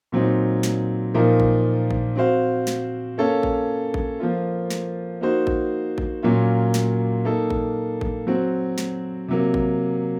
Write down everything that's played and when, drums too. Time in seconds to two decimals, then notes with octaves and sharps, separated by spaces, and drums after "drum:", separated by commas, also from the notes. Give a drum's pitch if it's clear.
0.12 A#2 F#3 C4 D#4
0.63 drum: snare
1.14 A#2 F3 A#3 D#4 A#4
1.40 drum: kick G#1
1.91 drum: kick G#1
2.16 C4 F#4 C5 F5
2.67 drum: snare
3.18 A#3 C#4 A4 C#5 F5
3.43 drum: kick G#1
3.94 drum: kick G#1
4.20 F3 A#3 F4
4.70 drum: snare
5.21 A#3 D#4 F#4 C5
5.47 drum: kick G#1
5.98 drum: kick G#1
6.23 A#2 F#3 A#3 C#4 F4
6.74 drum: snare
7.25 A#3 D#4 A4
7.50 drum: kick G#1
8.01 drum: kick G#1
8.27 F#3 C4 F#4
8.78 drum: snare
9.28 C3 F#3 A#3
9.54 drum: kick G#1